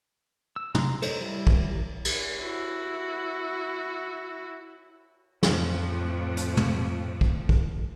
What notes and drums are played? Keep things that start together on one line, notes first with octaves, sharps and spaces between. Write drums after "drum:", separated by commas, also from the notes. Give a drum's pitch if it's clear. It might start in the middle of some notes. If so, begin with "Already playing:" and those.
E6
A#5 C6, drum: tom
A4 C5 C#5 D#5, drum: cymbal
G3 E4
drum: kick
drum: cymbal
E4 F#4
F2 A2 F3, drum: snare
drum: hi-hat
drum: tom
drum: kick
drum: kick